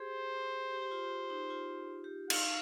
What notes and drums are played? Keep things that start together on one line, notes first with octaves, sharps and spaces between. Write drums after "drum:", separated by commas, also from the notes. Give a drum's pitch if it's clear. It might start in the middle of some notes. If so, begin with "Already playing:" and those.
Already playing: G4 G#4 C5
G4
G4
F4
D#4
F4
G4
D#4 F5, drum: cymbal